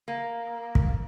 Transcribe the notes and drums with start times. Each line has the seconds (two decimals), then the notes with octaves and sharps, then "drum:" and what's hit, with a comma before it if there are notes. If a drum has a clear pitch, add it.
0.08 A#3
0.75 drum: kick